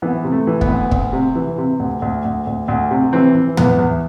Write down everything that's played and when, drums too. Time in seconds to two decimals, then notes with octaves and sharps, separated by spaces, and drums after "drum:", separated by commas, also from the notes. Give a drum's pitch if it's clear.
0.02 E3 B3
0.24 C3
0.32 A3
0.47 E3
0.61 B3, drum: kick
0.69 D2
0.91 D2, drum: kick
1.13 C3
1.35 E3
1.58 C3
1.80 D2
2.02 D2
2.25 D2
2.47 D2
2.68 D2
2.91 C3
3.13 E3 C4
3.35 E3
3.57 E2 B3, drum: tom
3.79 E2